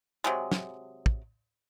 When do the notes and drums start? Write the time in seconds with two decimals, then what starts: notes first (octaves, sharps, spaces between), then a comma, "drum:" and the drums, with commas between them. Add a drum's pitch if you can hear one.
0.24 C3 F#3 G#3
0.52 drum: snare
1.06 drum: kick